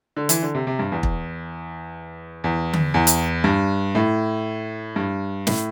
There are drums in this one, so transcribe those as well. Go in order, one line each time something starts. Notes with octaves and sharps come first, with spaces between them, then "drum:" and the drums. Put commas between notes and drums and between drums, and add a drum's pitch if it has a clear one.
D3
E3, drum: hi-hat
D3
C3
C3
G2
E2
drum: kick
E2
drum: tom D3
E2
drum: hi-hat
G2
A2
G2
A2, drum: snare